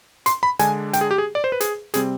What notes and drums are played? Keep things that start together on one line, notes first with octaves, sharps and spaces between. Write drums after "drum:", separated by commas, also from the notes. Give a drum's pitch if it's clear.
C6, drum: hi-hat
B5
D3 G#3 D4 G#5, drum: hi-hat
G5, drum: hi-hat
G#4
G4
G#4
D5
C5
B4
G#4, drum: hi-hat
C3 G3 C4 G#4, drum: hi-hat